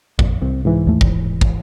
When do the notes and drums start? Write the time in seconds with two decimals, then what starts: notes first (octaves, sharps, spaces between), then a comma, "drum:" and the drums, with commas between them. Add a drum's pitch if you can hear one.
0.19 A#1 F2, drum: kick
0.42 C2 C4
0.65 G#2 E3
0.87 D#2 A3
1.01 D#1, drum: kick
1.41 drum: kick